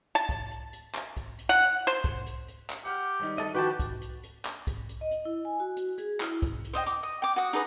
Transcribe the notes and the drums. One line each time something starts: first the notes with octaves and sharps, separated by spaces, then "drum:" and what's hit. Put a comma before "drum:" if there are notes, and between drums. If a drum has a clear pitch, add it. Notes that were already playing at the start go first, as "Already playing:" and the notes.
A5
drum: kick, hi-hat
drum: hi-hat
drum: hi-hat
drum: clap
drum: kick, hi-hat
drum: hi-hat
F#5
drum: hi-hat
C5
drum: kick, hi-hat
drum: hi-hat
drum: hi-hat
drum: clap
G4 F#5 F6
G#1 G3 D#4
A4 D#5, drum: hi-hat
D#3 F3 F#4 G4 B4 G5 A5
drum: kick, hi-hat
drum: hi-hat
drum: hi-hat
drum: clap
drum: kick, hi-hat
drum: hi-hat
D#5
drum: hi-hat
E4
G#5
F#4
drum: hi-hat
G#4, drum: hi-hat
E4, drum: clap
drum: kick, hi-hat
drum: hi-hat
C5 D#5 E5 G5
D6, drum: hi-hat
D#5
G5 D6
F#4 D#6
D#4 G#4 B4 D#6